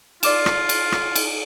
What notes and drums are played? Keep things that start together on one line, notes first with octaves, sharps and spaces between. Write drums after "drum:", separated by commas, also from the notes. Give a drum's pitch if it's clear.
F4 D5 D6 E7, drum: cymbal
drum: rim click
drum: cymbal
drum: rim click
drum: cymbal